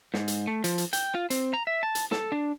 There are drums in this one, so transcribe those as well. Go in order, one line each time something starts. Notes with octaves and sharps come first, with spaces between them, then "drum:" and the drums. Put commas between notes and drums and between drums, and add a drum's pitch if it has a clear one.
G#2, drum: snare
drum: hi-hat
A3
F3, drum: hi-hat
drum: hi-hat
G5, drum: hi-hat
F4
C4, drum: hi-hat
A#5
E5
A5
drum: hi-hat
A4, drum: snare
D4